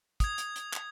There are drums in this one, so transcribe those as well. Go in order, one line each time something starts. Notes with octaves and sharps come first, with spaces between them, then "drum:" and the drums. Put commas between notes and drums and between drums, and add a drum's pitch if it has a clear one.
D#6 G#6, drum: kick, hi-hat
drum: hi-hat
drum: hi-hat
drum: clap